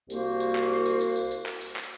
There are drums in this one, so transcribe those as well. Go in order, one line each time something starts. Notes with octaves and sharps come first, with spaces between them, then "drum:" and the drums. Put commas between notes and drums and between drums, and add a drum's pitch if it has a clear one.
C2 A#3 F#4 C5, drum: tambourine
drum: tambourine
drum: clap
drum: tambourine
drum: tambourine
drum: tambourine
drum: tambourine
drum: clap
drum: tambourine
drum: clap